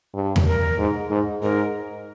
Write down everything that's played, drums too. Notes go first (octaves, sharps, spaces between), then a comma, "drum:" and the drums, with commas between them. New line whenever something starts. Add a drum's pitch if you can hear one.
G2
drum: tom E2
A#4
G#2
G#2
G#2 A#4